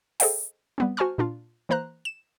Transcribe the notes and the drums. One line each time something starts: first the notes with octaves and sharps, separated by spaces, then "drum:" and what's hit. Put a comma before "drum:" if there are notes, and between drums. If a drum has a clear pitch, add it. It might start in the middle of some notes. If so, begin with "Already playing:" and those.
G#4 A4 C5 D#5 F5 G5, drum: open hi-hat
G3 B3 C4
F#4 C5 G#5 A5 C#6 F6
A#2 D4 F4
E3 A#3 C5 A#5 F#6
E7